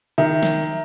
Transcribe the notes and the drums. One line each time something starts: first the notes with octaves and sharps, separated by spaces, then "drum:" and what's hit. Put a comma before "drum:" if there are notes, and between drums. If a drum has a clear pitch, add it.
D#3 E5 A#5
drum: snare